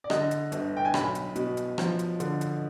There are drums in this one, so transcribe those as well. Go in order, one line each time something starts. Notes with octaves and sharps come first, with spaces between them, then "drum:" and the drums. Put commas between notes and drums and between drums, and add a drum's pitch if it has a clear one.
D5
D3 D#5, drum: rim click
drum: hi-hat
G1, drum: hi-hat
G5
G#5
B1 B5, drum: rim click
drum: hi-hat
B2, drum: hi-hat
drum: hi-hat
F3, drum: rim click
drum: hi-hat
D3, drum: hi-hat
drum: hi-hat